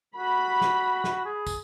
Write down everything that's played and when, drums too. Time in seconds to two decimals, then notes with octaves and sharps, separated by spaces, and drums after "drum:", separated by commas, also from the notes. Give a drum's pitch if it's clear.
0.17 F#4 B5
0.61 drum: snare
1.04 drum: snare
1.25 G#4
1.47 drum: kick, tambourine